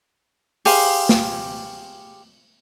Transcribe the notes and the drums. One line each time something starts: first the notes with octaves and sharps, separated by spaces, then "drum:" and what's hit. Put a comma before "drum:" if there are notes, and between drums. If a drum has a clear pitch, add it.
G4 G#4 C5 F5, drum: open hi-hat
drum: snare A#3